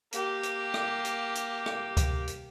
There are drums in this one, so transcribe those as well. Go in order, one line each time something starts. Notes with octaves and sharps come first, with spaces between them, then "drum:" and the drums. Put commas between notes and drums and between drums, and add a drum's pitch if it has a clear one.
A#3 G4, drum: hi-hat
drum: hi-hat
drum: rim click
drum: hi-hat
drum: hi-hat
drum: rim click
drum: kick C#2, hi-hat
drum: hi-hat